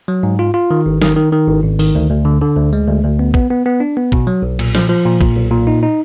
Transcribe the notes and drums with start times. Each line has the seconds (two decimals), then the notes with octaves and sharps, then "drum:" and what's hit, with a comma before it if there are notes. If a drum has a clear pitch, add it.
0.08 F#3
0.23 G#2
0.39 F4
0.54 F4
0.71 D#3
0.86 G#1
1.02 D#3, drum: snare
1.16 D#3
1.32 D#3
1.47 G#1
1.63 G#1
1.79 D#3, drum: open hi-hat
1.95 D2
2.10 D2
2.25 D3
2.41 D3
2.56 D2
2.73 G#3
2.88 D2
3.03 D2
3.19 B3
3.34 B3, drum: kick
3.50 B3
3.66 B3
3.80 D4
3.97 B3
4.12 B2, drum: kick
4.27 F#3
4.42 B1
4.59 A#2, drum: cymbal
4.75 F3, drum: snare
4.89 F3
5.05 A#2
5.21 A#2, drum: kick
5.36 B1
5.51 A#2
5.67 D#4
5.83 D#4